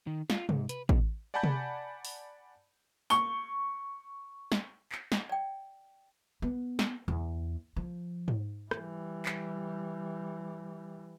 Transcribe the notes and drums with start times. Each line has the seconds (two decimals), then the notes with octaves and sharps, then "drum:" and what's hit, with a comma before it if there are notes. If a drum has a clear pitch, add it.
0.07 D#3
0.30 F4, drum: snare
0.49 G#2, drum: tom C3
0.69 B4, drum: hi-hat
0.89 B2, drum: kick A1
1.34 D5 F#5 G#5 A5 B5 G6
1.43 drum: tom C3
2.05 drum: open hi-hat
3.10 C#6 G7, drum: tambourine
4.52 drum: snare
4.92 drum: clap
5.12 drum: snare
5.29 D5 G5
6.42 B3
6.79 drum: snare
7.08 E2
7.76 F3
8.28 drum: tom G#2
8.71 E3 G3, drum: rim click
9.25 drum: clap